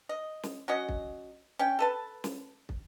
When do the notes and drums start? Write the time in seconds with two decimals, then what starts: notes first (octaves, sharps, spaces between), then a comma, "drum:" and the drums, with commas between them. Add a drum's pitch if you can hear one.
0.09 D#5
0.43 drum: snare
0.68 F#3 C#4 F#4 D#5
0.89 drum: kick
1.59 C#4 G5
1.79 A4 B4 A5
2.24 drum: snare
2.69 drum: kick